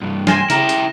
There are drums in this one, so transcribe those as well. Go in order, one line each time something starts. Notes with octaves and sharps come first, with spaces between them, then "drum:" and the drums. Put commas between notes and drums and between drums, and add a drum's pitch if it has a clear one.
C2 G2
G5 G#5 C6 F6 A#6 E7, drum: snare
C#3 E4 G4 A#5 F6 A#6 E7, drum: hi-hat
drum: hi-hat